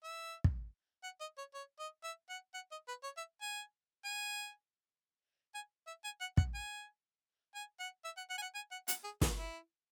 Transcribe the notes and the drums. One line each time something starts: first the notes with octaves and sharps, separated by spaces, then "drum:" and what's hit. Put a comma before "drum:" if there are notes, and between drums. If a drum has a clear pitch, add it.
E5
drum: kick
F#5
D#5
C#5
C#5
D#5
E5
F#5
F#5
D#5
B4
C#5
E5
G#5
G#5
G#5
E5
G#5
F#5
F#5, drum: kick
G#5
G#5
F#5
E5
F#5
F#5
G#5
F#5
G#5
F#5
F#5, drum: hi-hat
G#4
G#4, drum: snare
E4